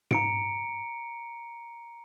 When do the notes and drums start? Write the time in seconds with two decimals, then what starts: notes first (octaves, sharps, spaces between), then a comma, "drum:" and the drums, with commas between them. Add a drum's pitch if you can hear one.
0.11 A#5 C#7 D7, drum: tom G#2